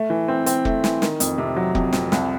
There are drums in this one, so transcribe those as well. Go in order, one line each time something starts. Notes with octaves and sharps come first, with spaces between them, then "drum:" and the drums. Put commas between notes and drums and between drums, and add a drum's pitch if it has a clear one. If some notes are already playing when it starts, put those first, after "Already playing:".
Already playing: A3
E3
C4
C4, drum: hi-hat
A3, drum: kick F1
E3, drum: snare
D#3, drum: snare
F2, drum: hi-hat
C3
F#3
F2, drum: kick F1
F2, drum: snare
C2, drum: snare